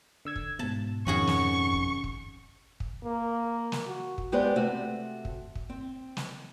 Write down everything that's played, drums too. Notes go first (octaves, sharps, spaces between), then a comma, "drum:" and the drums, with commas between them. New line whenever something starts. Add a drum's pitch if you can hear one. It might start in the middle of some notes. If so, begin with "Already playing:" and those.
D3 E6 G#6
drum: kick
G#2 B2 A5
F2 D#3 C#4 F#4 G#4 C#6
drum: snare
drum: kick
drum: kick
drum: kick
A#3
drum: snare
F#4
drum: kick
G#3 B3 G4 B4 C5 D5
C3 A3 F#4
drum: kick
drum: kick
C4
drum: snare